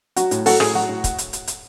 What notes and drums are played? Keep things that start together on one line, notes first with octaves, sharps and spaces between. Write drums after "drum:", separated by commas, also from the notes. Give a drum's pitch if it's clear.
F#3 F#4, drum: hi-hat
A2, drum: hi-hat
F#3 F#4 A4, drum: open hi-hat
A2 G#4, drum: rim click
F#3 F#4
A2
drum: kick, hi-hat
drum: hi-hat
drum: hi-hat
drum: hi-hat